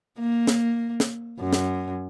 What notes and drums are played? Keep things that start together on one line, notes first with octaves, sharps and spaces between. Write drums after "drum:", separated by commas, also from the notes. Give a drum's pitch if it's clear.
A#3
drum: snare
drum: snare
F#2
drum: snare